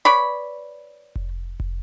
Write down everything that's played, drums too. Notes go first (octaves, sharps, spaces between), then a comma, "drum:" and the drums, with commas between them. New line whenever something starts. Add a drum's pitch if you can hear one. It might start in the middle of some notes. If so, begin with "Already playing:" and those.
B4 C#5 D5 B5
drum: kick F1
drum: kick F1